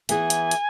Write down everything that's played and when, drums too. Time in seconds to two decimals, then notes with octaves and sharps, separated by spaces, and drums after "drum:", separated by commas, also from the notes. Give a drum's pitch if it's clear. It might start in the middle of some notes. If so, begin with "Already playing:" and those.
0.09 E3 B3 G#4 G#5, drum: hi-hat
0.30 drum: hi-hat
0.51 drum: hi-hat